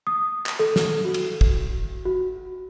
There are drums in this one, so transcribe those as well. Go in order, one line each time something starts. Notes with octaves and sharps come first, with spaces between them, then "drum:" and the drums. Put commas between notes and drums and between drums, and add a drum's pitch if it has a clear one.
D#6
drum: clap
A4
drum: snare
F#4
drum: cymbal
drum: kick
F#4